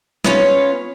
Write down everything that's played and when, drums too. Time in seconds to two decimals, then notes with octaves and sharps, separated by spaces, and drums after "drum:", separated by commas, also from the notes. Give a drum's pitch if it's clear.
0.24 B3 C#4 F4 C#5, drum: snare